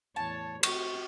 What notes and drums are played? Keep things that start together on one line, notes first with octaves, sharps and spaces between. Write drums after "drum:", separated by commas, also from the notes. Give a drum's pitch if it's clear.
E2 A2 C#5 A5
C4 F#4 G4 C#6, drum: cymbal